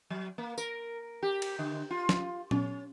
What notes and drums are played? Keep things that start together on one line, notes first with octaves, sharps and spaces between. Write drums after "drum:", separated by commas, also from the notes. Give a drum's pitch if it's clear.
F#3
A#3
A#4, drum: tambourine
G4
drum: cymbal
D3
F4
drum: snare
C#4, drum: tom A#2